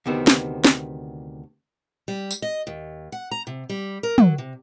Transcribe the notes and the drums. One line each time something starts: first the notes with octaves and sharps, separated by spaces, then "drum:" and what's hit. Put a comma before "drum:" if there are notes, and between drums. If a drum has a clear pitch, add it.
D2 C3 D#3 B3 C4
drum: snare
drum: snare
G3
drum: tambourine
D#5
D#2
F#5
A#5
C3
G3
A#4
F#3, drum: tom
C3